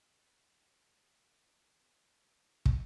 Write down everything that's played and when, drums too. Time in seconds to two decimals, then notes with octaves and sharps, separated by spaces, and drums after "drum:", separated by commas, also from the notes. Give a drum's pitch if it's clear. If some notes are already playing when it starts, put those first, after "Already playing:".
0.20 A2
1.68 A2
2.41 B2
2.66 drum: kick